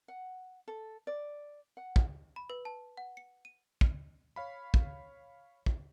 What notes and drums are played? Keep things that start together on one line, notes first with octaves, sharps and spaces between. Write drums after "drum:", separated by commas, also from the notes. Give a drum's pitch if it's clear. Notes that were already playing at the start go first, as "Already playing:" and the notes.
F#5
A4
D5
F#5
drum: kick
B5
B4
A5
F#5
C#7
D#7
drum: kick
C#5 F5 B5
drum: kick
drum: kick